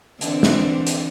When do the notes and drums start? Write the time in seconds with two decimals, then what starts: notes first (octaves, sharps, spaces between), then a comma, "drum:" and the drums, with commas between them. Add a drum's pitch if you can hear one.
0.21 D3 E3 C4, drum: hi-hat
0.43 drum: snare
0.87 drum: hi-hat